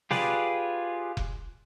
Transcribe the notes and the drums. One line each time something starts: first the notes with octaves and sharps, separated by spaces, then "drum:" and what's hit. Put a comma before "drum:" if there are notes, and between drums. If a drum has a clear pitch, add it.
F4 G4 G#4 B4 D5, drum: snare
drum: kick F1